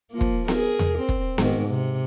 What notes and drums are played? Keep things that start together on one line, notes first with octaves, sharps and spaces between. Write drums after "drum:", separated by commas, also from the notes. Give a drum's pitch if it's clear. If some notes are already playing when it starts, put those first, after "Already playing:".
F3 A#3
drum: kick
G#4 A#4, drum: snare B3
drum: tom E2
C4
drum: kick
G#2 D#3, drum: snare B3
C3